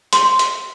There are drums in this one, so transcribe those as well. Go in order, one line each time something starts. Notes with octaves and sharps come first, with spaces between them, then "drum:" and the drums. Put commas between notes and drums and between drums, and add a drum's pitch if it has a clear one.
C6, drum: hi-hat
drum: hi-hat